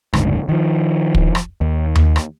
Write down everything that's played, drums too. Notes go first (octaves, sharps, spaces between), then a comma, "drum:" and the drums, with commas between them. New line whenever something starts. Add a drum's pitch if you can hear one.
F#1 D2 G#2, drum: rim click
D#3 F3
drum: kick
drum: rim click
D#2
drum: tom D#2
drum: rim click